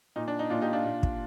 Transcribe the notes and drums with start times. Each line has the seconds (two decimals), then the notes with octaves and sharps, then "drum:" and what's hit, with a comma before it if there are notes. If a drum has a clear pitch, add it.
0.16 A#2 D#4
0.28 D4
0.39 D#4
0.50 A#2 D4 F4
0.62 D#4 G4
0.73 D4 F4
0.85 A#2
1.03 drum: kick